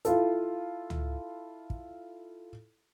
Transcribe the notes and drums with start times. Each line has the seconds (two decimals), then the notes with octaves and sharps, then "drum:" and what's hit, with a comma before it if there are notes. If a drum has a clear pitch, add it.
0.05 E4 F4 A4, drum: hi-hat
0.90 drum: tom C#2
1.70 drum: kick